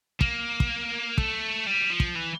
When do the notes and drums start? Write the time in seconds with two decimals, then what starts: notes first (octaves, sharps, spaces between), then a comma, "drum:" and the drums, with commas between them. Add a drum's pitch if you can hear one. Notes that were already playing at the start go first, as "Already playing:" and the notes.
0.21 A#3, drum: kick
0.60 drum: kick
1.18 A3, drum: kick
1.66 G3
1.90 F3
2.00 drum: kick
2.15 E3